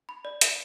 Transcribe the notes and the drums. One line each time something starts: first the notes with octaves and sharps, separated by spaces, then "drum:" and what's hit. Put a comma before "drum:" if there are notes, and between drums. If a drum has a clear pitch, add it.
B5
D5
E5, drum: hi-hat